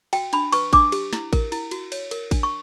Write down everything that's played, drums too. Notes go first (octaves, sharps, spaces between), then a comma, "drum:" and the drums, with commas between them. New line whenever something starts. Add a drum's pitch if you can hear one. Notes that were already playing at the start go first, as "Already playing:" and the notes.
F#4 G5, drum: cymbal
D4 B5, drum: cymbal
B4 C#6, drum: cymbal
D4 D6, drum: kick A1, cymbal
G4, drum: cymbal
E4, drum: snare
A#4, drum: kick A1, cymbal
E4, drum: cymbal
F#4, drum: cymbal
C#5, drum: cymbal
A#4, drum: cymbal
D4, drum: kick A1, cymbal
C#6